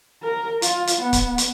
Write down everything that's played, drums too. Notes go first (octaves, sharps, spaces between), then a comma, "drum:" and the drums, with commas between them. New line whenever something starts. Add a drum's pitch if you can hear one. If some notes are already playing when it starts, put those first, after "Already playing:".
A#4
F4, drum: hi-hat
drum: hi-hat
B3
drum: kick C#1, hi-hat
drum: hi-hat